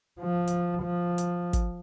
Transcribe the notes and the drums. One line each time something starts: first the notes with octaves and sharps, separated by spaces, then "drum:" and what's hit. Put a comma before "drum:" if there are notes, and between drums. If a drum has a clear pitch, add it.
F3
drum: hi-hat
F3
drum: hi-hat
drum: kick, hi-hat